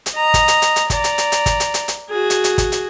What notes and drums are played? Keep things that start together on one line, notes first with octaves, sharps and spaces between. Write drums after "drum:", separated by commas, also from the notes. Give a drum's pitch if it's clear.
drum: hi-hat
D#5 A#5
drum: kick, hi-hat
drum: hi-hat
drum: hi-hat
drum: hi-hat
D5 A#5, drum: kick, hi-hat
drum: hi-hat
drum: hi-hat
drum: hi-hat
drum: kick, hi-hat
drum: hi-hat
drum: hi-hat
drum: hi-hat
F#4 G#4
drum: hi-hat
drum: hi-hat
drum: kick, hi-hat
drum: hi-hat